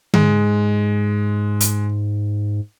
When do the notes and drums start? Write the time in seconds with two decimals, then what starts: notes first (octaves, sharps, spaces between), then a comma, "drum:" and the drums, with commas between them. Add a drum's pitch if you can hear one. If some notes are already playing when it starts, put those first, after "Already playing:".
0.14 G#2 G#3, drum: tom D3
1.60 drum: hi-hat